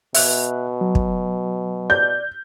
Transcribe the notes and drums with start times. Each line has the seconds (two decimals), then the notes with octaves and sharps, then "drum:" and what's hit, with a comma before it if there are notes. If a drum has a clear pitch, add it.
0.15 B2 E5 F#6, drum: open hi-hat
0.81 F#3
0.95 drum: kick
1.90 D5 G6